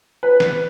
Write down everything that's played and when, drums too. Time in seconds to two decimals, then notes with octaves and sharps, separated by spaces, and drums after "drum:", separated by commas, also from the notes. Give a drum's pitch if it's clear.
0.23 B4
0.40 drum: snare